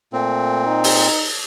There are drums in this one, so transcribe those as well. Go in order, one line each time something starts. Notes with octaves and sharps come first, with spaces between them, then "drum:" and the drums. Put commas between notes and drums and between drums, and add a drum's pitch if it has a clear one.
A#2 A3 C4
D#4
drum: open hi-hat